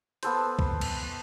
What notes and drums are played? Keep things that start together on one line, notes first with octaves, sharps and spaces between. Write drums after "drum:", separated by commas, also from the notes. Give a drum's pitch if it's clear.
B3 A4 C5, drum: hi-hat
drum: kick
drum: cymbal